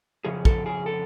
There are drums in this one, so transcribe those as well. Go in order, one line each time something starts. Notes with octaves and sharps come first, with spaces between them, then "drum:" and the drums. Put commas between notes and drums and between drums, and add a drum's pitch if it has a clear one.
F2 C#3 G#4
A4, drum: kick
G#4
A4